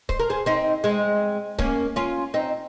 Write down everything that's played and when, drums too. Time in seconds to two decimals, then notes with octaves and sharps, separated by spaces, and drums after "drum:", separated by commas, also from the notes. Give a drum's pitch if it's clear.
0.09 C5, drum: kick C#1
0.20 A#4
0.30 G#4 C5
0.46 C4 D#4
0.84 G#3 C4
1.59 A#3 C#4, drum: kick C#1
1.96 C#4 F4
2.34 C4 D#4